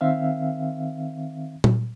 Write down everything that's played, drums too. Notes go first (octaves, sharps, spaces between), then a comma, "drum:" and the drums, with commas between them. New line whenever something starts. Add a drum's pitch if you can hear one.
D#3 C4 E5 F5
drum: tom A#2